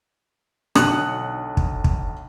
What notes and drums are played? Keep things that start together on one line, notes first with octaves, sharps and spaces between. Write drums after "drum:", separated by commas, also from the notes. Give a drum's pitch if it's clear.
B1 D3 D#6 F#6 C#7 F#7, drum: rim click
drum: kick
drum: kick